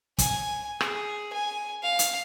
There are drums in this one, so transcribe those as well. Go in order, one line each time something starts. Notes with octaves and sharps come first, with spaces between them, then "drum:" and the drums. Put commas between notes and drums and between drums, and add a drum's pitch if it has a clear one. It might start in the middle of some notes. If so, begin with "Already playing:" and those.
G#5, drum: kick, hi-hat
G#4, drum: rim click
G#5
F5
drum: hi-hat